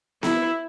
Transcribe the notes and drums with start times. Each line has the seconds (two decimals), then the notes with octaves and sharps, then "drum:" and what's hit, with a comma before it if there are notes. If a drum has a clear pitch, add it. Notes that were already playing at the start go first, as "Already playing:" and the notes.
0.23 E4, drum: snare B3